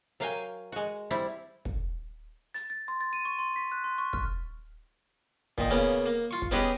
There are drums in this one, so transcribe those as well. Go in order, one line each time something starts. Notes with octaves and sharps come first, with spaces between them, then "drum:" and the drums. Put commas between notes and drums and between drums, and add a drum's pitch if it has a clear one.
F#3 A#4 F5 G5 G#5
G#3 F#4
G3 C4 E4
drum: kick
A6, drum: hi-hat
A6
C6
A6
D#7
C#6
C6
B6
F#6
C6
C#6
F6, drum: kick
A#2 D#3 D#4, drum: kick
C#3 A#3 B3 C#4
A#3
F4 C#6
drum: kick
B3 C#4 D#4 G4 G#4 B4